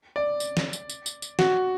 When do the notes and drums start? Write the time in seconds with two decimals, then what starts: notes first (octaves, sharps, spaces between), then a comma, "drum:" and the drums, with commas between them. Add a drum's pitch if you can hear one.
0.16 D5
0.40 drum: tambourine
0.57 drum: snare
0.73 drum: tambourine
0.90 drum: tambourine
1.06 drum: tambourine
1.22 drum: tambourine
1.39 F#4, drum: snare